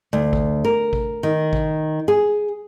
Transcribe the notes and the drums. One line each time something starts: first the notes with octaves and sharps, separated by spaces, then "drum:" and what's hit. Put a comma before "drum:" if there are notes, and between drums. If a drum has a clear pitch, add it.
D2
drum: kick
A#4
drum: kick
D#3
drum: kick
G#4